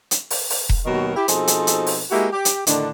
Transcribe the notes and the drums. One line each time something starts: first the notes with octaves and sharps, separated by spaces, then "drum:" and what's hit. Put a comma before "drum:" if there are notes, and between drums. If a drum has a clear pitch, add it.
drum: hi-hat
drum: open hi-hat
drum: open hi-hat
drum: kick E1
D#2 B2 D#3 F#3 F#4 A#4
E4 G4
B2 F3 C4 D#4 G#4 A4, drum: hi-hat
drum: hi-hat
drum: hi-hat
drum: open hi-hat
G#3 A#3 E4 F#4 G4
G4
drum: hi-hat
A2 D3 D#3 D4, drum: hi-hat